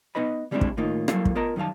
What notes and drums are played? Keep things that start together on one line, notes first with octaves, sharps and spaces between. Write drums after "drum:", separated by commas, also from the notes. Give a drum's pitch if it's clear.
B3 D#4 B4 D#5 B5
D3 G3 G#3 C4 D4 E4
drum: kick
A2 D#3 A#3 D#4 F4
F#3 G3 A#3 E4 A4 F5, drum: rim click
drum: kick
B3 F4 A#4 D#5 A5 A#5
F#2 D#3 G3 F5 A5